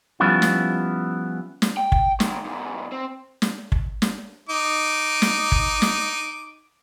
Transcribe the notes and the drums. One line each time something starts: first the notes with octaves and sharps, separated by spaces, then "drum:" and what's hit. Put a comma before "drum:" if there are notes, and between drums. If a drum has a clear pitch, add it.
F3 G3 B3 C#4 E4 F4
drum: snare
drum: snare
G5
drum: kick
G#2 D#3, drum: snare
E2 G#2
C4
drum: snare
drum: kick
drum: snare
D#4 D6
drum: snare
drum: kick
drum: snare